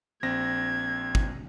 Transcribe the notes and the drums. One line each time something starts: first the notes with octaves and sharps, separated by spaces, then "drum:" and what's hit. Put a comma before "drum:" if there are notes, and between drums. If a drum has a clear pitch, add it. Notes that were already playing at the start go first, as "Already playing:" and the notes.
A#1 C4 G#6 A#6
drum: kick